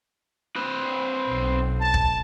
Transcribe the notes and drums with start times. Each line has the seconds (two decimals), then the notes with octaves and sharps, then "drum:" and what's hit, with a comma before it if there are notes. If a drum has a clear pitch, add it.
0.56 C4 B4
1.29 B1
1.80 A5
1.94 drum: kick